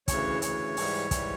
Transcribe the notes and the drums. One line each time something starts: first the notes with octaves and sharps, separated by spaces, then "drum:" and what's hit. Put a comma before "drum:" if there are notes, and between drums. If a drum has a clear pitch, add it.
D2 C#3 E3 C#5, drum: kick, hi-hat
D2 C#3 E3 C#5, drum: hi-hat
G#2 E3 G3, drum: open hi-hat
G#2 E3 G3, drum: kick, hi-hat